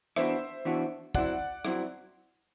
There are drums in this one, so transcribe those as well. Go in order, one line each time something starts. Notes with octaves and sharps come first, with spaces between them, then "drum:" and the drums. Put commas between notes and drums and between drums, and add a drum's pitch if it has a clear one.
E3 B3 D4 F#4 C5 E5, drum: rim click
E3 B3 D4 F#4
F#3 C4 E4 D5 F#5, drum: kick
F#3 C4 E4, drum: rim click